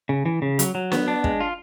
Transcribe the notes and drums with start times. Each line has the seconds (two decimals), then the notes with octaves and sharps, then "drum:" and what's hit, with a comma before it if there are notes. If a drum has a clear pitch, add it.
0.09 C#3
0.26 E3
0.42 C#3
0.59 F#3, drum: hi-hat
0.75 F#3
0.92 B3, drum: snare
1.08 D4
1.24 G#3, drum: kick
1.40 F4